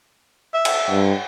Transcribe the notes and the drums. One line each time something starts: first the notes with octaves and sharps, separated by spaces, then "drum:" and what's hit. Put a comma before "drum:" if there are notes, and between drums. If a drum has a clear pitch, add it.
E5
drum: cymbal
G2